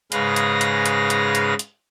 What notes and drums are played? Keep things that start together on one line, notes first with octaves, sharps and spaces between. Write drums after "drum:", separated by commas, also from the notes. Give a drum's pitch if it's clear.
G#2 C#3 G#3 B4 F5 A#6, drum: hi-hat
drum: hi-hat
drum: hi-hat
drum: hi-hat
drum: hi-hat
drum: hi-hat
drum: hi-hat